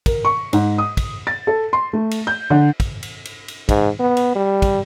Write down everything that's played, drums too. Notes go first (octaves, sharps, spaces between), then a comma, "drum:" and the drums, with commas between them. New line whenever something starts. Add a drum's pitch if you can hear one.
A#4, drum: kick, cymbal
C#6
G#2, drum: cymbal
D#6
drum: kick, cymbal
A6
A4
C6
A3
drum: cymbal
G6
D3
drum: kick, cymbal
drum: cymbal
drum: cymbal
drum: cymbal
G#2, drum: kick, cymbal
B3
drum: cymbal
G3
drum: kick, cymbal